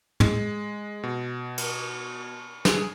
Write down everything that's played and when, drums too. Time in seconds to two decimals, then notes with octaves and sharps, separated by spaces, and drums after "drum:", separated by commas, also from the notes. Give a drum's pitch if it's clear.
0.20 G#3, drum: tom
1.03 B2
1.58 drum: cymbal
2.65 G#4, drum: snare